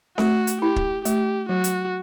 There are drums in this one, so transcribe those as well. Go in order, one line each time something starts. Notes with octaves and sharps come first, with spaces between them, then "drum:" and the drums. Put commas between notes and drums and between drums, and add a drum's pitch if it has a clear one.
A3 F#4, drum: snare C4
drum: hi-hat
E4 G4
drum: kick
A3 G4, drum: hi-hat
F#3 F#4
drum: hi-hat